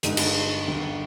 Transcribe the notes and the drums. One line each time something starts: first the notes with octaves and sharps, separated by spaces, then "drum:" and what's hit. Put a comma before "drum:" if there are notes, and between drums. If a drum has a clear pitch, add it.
G1 G2 D3 G#3 D#4, drum: hi-hat
drum: cymbal
G1 G2 D#3 G3